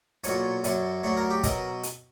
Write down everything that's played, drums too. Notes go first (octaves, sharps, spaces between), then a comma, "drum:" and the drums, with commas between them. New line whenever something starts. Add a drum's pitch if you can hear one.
B1 A#2 F#3 C#5, drum: hi-hat
F#2 D3 F#3, drum: hi-hat
D2 D3 F#3 C#5
A#4
G4
B2 F#3 A#4, drum: kick, hi-hat
drum: hi-hat